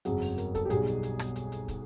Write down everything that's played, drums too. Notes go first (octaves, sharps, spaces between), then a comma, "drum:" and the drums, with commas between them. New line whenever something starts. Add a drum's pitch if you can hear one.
G1 F2 C#3 F#3 G#4, drum: hi-hat
drum: open hi-hat
A#4, drum: hi-hat
A4, drum: kick, hi-hat
G4
B1 B2 G3 G#4, drum: hi-hat
drum: hi-hat
drum: hi-hat
drum: rim click
drum: hi-hat
drum: hi-hat
drum: kick, hi-hat